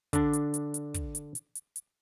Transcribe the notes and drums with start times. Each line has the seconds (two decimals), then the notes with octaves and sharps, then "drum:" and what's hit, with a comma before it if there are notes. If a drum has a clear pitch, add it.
0.13 D3 D4, drum: kick, hi-hat
0.33 drum: hi-hat
0.54 drum: hi-hat
0.74 drum: hi-hat
0.94 drum: kick, hi-hat
1.15 drum: hi-hat
1.35 drum: hi-hat
1.55 drum: hi-hat
1.76 drum: hi-hat